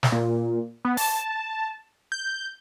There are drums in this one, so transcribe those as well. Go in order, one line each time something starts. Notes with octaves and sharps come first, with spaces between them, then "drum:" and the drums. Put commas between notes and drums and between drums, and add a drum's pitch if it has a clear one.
drum: snare
A#2
B3
A5, drum: open hi-hat
G6